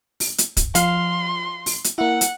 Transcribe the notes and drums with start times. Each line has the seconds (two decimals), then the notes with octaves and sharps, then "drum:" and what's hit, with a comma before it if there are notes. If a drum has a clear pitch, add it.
0.20 drum: open hi-hat
0.38 drum: hi-hat
0.57 drum: kick, hi-hat
0.75 F3 F5 C6, drum: hi-hat
1.66 drum: open hi-hat
1.84 drum: hi-hat
1.98 A#3 E4 F#5
2.21 drum: hi-hat